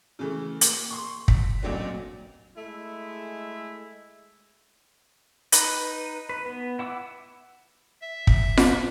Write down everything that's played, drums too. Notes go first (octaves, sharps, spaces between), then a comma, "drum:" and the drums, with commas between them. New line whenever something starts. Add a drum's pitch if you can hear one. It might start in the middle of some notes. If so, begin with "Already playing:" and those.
C#3 E3 A3
A#3, drum: hi-hat
C6 C#6
B6, drum: kick
A1 A#2 F#3 A3 C4 D4
G#3 A3 E4
D#4 B4, drum: hi-hat
B4
B3
E4 F#5 D6 E6
E5
drum: kick
drum: snare F4